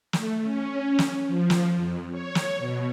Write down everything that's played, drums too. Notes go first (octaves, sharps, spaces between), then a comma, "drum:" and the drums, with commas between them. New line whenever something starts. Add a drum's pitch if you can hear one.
A3, drum: snare
C#4
drum: snare
F3
drum: snare
F2
C#5
drum: snare
B2